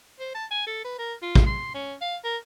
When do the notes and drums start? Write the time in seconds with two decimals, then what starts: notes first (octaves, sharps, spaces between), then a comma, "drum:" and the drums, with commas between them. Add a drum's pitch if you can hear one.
0.20 C5
0.35 A5
0.51 G#5
0.67 A4
0.85 B4
0.99 A#4
1.22 F4
1.35 drum: kick
1.46 C6
1.74 C#4
2.01 F5
2.24 A#4